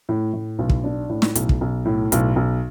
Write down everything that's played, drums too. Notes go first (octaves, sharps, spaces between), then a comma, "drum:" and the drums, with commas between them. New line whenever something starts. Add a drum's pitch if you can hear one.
A2
A2
B1
drum: kick
D4
A2
drum: snare
B1, drum: hi-hat
drum: kick
B1
A2
B1, drum: hi-hat
B1